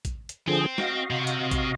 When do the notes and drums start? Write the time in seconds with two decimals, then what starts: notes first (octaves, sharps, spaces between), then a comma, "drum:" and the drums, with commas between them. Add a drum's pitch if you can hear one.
0.05 drum: kick, hi-hat
0.29 drum: hi-hat
0.48 D3 F3 C4 G#4
0.78 F#4 D#5 F5, drum: snare
1.11 C3
1.27 drum: hi-hat
1.51 drum: kick, hi-hat